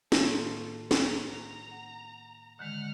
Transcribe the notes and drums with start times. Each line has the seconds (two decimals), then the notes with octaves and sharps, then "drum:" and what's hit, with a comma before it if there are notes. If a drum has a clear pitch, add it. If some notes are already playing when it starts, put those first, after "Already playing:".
0.12 A2 D#3 A#3 F4 A4, drum: snare
0.91 A#5, drum: snare
1.71 F#5
2.59 D3 D#3 G#3 F#5 F6